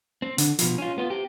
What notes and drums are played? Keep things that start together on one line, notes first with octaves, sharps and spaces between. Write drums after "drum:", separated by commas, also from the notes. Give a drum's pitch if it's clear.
C4
D3, drum: hi-hat
B2 F3, drum: hi-hat
C#4 F4
B3 F4
C4 G4